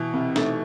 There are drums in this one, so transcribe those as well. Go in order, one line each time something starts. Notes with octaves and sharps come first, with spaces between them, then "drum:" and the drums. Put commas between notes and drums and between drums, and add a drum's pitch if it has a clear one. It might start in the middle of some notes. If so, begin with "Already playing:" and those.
Already playing: B2 E3
C3 C4
A3 D#4, drum: snare